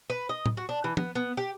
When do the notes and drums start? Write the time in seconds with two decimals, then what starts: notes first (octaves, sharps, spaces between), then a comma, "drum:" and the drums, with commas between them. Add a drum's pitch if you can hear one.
0.10 B4
0.29 D#5
0.46 drum: tom A2
0.57 F#4
0.69 D4
0.84 E3
0.97 B3, drum: tom
1.15 B3
1.37 G4